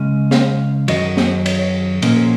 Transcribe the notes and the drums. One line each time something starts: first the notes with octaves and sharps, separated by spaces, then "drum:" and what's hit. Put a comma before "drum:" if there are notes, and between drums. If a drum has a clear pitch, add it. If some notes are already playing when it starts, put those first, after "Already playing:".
Already playing: C#3 G#3 C#4
F5, drum: snare
F#2 D#3 F#3 D#5, drum: cymbal
drum: snare
C#5, drum: cymbal
C#5
A#2 F3 A#3 C#4, drum: cymbal